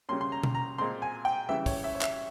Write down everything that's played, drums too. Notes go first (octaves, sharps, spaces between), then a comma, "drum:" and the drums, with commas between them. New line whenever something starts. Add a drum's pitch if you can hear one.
C#3 G3 A#3 C#4 C6
C6
A#5
drum: tom B2
A#5
A#2 G#3 C4 C6
G#5
G5
C#3 E3 G3 E5
C#5, drum: kick, open hi-hat
E5
C#5
E5, drum: clap